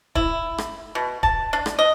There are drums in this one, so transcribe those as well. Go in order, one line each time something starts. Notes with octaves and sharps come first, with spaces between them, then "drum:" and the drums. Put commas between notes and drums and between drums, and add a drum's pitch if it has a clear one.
E4, drum: kick
drum: rim click
B2
A5, drum: kick
D4
drum: rim click
D#5